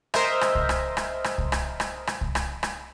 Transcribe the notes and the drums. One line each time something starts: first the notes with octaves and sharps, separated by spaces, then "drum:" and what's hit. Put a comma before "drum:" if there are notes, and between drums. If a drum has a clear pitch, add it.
A#4 C5 D#5 E5, drum: rim click
drum: rim click
drum: kick C2
drum: rim click
drum: rim click
drum: rim click
drum: kick C2
drum: rim click
drum: rim click
drum: rim click
drum: kick C2
drum: rim click
drum: rim click